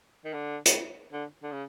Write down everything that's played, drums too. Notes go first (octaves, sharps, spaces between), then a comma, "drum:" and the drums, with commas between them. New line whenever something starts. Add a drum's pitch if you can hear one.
D#3
D3
drum: hi-hat
D3
D3
C#3